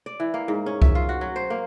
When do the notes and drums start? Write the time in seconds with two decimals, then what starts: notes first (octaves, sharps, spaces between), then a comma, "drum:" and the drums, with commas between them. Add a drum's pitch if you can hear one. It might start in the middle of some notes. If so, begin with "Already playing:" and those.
0.06 D5
0.20 E3
0.34 A#3
0.48 G#2
0.66 C#4
0.82 E5, drum: kick C2
0.95 F4
1.09 F#4
1.21 F#3
1.36 C5
1.50 A#3